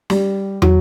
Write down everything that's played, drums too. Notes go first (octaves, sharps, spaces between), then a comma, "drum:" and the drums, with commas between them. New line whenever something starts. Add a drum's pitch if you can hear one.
G3, drum: snare
F#3, drum: tom